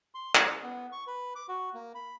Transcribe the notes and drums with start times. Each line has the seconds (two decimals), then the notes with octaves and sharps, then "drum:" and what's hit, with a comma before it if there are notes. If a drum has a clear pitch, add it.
0.15 C6
0.35 D6, drum: clap
0.63 B3
0.92 C#6
1.07 B4
1.36 D6
1.49 F#4
1.74 A#3
1.95 B5